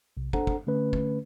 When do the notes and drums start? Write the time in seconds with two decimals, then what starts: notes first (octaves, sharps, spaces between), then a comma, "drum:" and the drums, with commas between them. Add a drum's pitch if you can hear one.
0.17 B1 C3
0.33 D4 A4 C5 F#5 A#5, drum: kick
0.47 drum: kick
0.67 D3 A3 C#4 B4
0.93 drum: kick